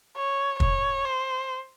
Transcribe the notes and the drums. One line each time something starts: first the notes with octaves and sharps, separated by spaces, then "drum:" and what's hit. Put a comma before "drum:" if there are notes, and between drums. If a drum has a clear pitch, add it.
C#5
C#5, drum: kick
C5